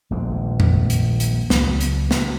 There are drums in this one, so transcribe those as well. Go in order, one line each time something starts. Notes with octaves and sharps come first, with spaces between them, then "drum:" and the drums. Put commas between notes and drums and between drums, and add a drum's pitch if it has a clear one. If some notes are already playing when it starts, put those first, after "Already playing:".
D#1 A#1 G#3 C4
drum: tom F2
drum: hi-hat
drum: hi-hat
C#2 F#3, drum: snare
drum: hi-hat
drum: snare